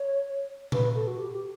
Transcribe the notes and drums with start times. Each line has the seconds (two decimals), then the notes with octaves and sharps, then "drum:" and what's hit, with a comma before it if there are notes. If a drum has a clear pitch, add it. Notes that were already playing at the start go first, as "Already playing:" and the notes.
Already playing: C#5
0.72 B4, drum: tom A#2
0.95 A4
1.07 F#4
1.17 G4
1.32 G4